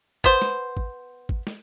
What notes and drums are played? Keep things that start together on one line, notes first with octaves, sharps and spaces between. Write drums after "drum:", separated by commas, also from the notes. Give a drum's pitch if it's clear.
B3 C5, drum: kick G#1
drum: snare
drum: kick G#1
drum: kick G#1
drum: snare